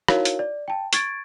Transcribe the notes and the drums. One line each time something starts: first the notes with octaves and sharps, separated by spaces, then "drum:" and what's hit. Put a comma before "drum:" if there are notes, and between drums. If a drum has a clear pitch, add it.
D#4 E4 F#4 A#4 C#5 F5, drum: rim click
drum: hi-hat
D5
G5 A5
C#6 G#6 A6 D7, drum: hi-hat